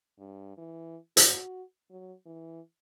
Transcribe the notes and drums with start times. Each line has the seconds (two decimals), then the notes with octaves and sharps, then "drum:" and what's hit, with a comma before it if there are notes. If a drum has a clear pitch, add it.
0.18 G2
0.58 E3
1.17 F#4, drum: hi-hat
1.91 F#3
2.26 E3